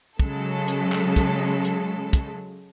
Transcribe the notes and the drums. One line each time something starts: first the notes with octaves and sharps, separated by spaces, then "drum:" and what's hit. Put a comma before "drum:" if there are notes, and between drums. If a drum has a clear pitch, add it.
C#3 F#3 G#3 A4, drum: kick
drum: hi-hat
drum: clap
drum: kick, hi-hat
drum: hi-hat
drum: kick, hi-hat